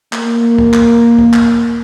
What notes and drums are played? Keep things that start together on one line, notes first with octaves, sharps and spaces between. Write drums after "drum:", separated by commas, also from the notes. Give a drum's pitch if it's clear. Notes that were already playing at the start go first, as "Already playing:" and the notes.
A#3, drum: clap
drum: kick
drum: clap
drum: kick
drum: clap